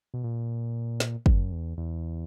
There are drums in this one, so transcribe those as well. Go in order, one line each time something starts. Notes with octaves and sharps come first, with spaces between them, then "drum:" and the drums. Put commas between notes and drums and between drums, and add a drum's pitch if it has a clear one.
B2
A#2
drum: snare
F#2, drum: kick
E2
E2